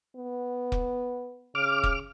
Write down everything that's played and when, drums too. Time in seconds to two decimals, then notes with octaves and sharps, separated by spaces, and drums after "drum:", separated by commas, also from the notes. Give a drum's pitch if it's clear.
0.16 B3
0.72 drum: kick
1.55 C#3 D6 F6
1.83 drum: kick